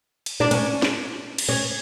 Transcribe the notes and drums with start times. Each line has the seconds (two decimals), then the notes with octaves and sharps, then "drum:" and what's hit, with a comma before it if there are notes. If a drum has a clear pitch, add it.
0.26 drum: cymbal
0.40 D4
0.51 C#4, drum: cymbal
0.82 drum: snare
1.38 drum: cymbal
1.49 C#4